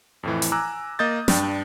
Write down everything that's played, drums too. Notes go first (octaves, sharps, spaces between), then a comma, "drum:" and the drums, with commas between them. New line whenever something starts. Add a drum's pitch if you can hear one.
F2 A2 E3
drum: hi-hat
G#5 A#5 D6 E6 F#6
A#3 D#5 D#6 G6 A6
G2 D4 G5, drum: snare